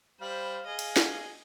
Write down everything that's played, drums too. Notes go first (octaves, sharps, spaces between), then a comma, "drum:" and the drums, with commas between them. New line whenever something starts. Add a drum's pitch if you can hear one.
G3 C5 F5 B5
G#4 D#5
drum: cymbal
drum: snare